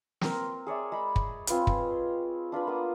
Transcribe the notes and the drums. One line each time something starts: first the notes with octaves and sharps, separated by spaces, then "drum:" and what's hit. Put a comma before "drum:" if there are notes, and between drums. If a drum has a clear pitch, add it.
C4 A#4, drum: snare
G#4 C#5 D5 E5
G#3 B5
drum: kick
C4 F4 B4 C#5, drum: hi-hat
drum: kick
D4 F4 B4 B5
A#3 B3 D#6